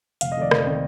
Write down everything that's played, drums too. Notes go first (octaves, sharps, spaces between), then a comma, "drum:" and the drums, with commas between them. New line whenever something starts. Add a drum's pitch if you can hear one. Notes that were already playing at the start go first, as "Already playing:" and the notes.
F1 F5, drum: hi-hat
D#5
F2 D#3 A3 C4 D5
F1, drum: rim click
D#3 A3 C4